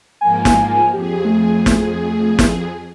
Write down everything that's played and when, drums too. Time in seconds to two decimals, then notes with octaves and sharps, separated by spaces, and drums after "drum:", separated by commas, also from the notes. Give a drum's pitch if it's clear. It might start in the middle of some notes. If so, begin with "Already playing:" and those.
0.21 G#2 F3 A#3 G#5
0.45 drum: snare
0.93 F2 G4 G#4
1.25 A3
1.66 drum: snare
2.39 drum: snare